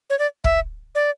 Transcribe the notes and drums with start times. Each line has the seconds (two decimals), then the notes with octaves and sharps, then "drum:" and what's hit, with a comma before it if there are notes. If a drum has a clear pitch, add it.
0.10 C#5
0.19 D5
0.44 E5, drum: kick
0.95 D5